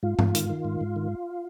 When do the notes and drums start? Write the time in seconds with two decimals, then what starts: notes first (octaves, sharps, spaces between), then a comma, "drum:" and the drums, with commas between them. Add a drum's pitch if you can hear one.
0.03 G#2 F4
0.19 G#2, drum: tom G2
0.35 D#3, drum: hi-hat
0.49 D#3
0.65 G#2
0.81 G#2
0.96 D#3